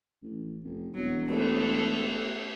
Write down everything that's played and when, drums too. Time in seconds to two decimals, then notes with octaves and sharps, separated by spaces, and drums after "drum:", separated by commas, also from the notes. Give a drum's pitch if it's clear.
0.22 A1
0.64 F1
0.95 E1 F#3
1.28 A3 B3 A4, drum: cymbal